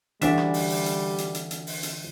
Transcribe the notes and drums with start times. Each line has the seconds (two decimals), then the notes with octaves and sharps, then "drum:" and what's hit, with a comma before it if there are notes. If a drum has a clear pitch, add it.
0.21 D2 D3 E3 G3 C#4 D4 E5, drum: hi-hat
0.38 drum: rim click
0.54 drum: open hi-hat
0.70 drum: open hi-hat
0.86 drum: hi-hat
1.18 drum: hi-hat
1.35 drum: hi-hat
1.51 drum: hi-hat
1.67 drum: open hi-hat
1.83 drum: hi-hat